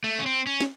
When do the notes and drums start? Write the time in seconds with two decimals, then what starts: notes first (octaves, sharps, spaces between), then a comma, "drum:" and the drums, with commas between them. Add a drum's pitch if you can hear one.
0.04 A3
0.19 C#4
0.26 C4
0.47 C#4
0.61 drum: snare